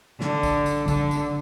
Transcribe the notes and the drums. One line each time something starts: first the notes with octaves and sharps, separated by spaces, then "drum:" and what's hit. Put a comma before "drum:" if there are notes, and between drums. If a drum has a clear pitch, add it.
D3, drum: snare
drum: kick, tambourine
drum: tambourine
D3, drum: kick, tambourine
drum: tambourine